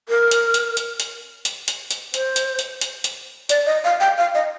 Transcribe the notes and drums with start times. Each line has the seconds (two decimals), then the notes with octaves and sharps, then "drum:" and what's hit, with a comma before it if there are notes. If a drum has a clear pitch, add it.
0.09 A#4
0.31 drum: hi-hat
0.54 drum: hi-hat
0.77 drum: hi-hat
1.00 drum: hi-hat
1.45 drum: hi-hat
1.68 drum: hi-hat
1.91 drum: hi-hat
2.14 C5, drum: hi-hat
2.36 drum: hi-hat
2.59 drum: hi-hat
2.81 drum: hi-hat
3.04 drum: hi-hat
3.49 D5, drum: hi-hat
3.66 D#5
3.84 F5
4.00 G5
4.18 F5
4.35 D#5